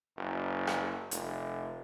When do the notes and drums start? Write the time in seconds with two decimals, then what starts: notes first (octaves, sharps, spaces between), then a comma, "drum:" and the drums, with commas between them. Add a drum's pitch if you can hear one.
0.17 F#1
0.67 drum: rim click
1.11 F1, drum: hi-hat